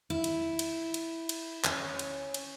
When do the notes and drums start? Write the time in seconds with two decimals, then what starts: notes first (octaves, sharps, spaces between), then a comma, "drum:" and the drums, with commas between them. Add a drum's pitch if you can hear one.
0.10 E4
0.24 drum: cymbal
0.59 drum: cymbal
0.94 drum: cymbal
1.29 drum: cymbal
1.64 C#4, drum: clap
1.99 drum: cymbal
2.34 drum: cymbal